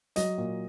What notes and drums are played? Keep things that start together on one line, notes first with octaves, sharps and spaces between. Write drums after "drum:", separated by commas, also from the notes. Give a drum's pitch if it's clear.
F#3 D#5, drum: hi-hat
A#2